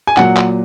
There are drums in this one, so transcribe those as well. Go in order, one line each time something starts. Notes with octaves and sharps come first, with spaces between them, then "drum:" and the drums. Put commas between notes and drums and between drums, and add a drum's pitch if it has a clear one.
G#5
A#2 F#3 F#5, drum: clap
drum: clap